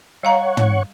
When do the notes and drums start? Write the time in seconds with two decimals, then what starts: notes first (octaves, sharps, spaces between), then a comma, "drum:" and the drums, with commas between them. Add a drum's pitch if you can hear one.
0.23 G3 C#5 F5 F#5 A#5 C#6
0.57 drum: tom